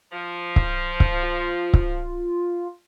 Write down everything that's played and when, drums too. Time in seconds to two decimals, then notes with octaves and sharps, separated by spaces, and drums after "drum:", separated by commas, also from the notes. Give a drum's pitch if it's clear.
0.12 F3
0.56 drum: kick C#1
1.00 drum: kick C#1
1.23 F4
1.73 drum: kick C#1